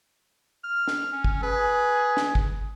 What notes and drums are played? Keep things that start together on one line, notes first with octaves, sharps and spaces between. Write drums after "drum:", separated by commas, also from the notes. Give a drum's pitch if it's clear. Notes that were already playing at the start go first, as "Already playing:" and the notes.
F6
drum: snare
C#4
drum: kick
G#4 B4
drum: snare
drum: kick